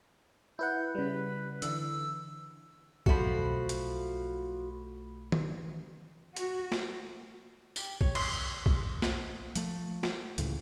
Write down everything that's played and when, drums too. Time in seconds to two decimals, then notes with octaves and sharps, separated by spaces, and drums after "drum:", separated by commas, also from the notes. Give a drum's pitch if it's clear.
0.59 E4 B4 F#5 G6
0.95 C#3 G3 B4
1.62 D3 E3 E6, drum: hi-hat
3.06 B1 F3 A3 F#4 B5, drum: kick A#1
3.69 drum: hi-hat
5.32 drum: tom D#3
6.36 F#4, drum: hi-hat
6.72 drum: snare
7.76 G4, drum: tambourine
8.01 C#5, drum: kick A#1
8.15 C6, drum: cymbal
8.66 drum: kick A#1
9.02 drum: snare
9.55 F3 A3, drum: hi-hat
10.03 drum: snare
10.38 C#2 A2 C#3 E3, drum: hi-hat